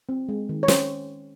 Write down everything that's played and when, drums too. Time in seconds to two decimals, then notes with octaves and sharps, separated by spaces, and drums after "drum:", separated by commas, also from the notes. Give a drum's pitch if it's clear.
0.09 C4
0.29 G#3
0.49 D#3
0.63 C#5
0.68 C#4 C5, drum: snare